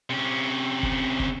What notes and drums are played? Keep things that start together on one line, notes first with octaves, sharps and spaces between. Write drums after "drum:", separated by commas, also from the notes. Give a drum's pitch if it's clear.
C3 C#4
drum: kick
drum: kick